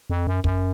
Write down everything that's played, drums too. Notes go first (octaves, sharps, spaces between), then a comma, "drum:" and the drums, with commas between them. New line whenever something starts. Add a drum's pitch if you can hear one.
F2
F#2
F#2, drum: kick